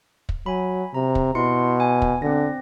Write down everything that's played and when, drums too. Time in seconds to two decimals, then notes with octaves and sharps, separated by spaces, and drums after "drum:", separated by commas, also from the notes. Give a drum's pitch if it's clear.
0.29 drum: kick
0.46 F#3 G#5 B5
0.94 C3 A#5
1.15 drum: kick
1.35 B2 E4 C6 C#7
1.80 G#5
2.02 drum: kick
2.22 D3 C4 A#6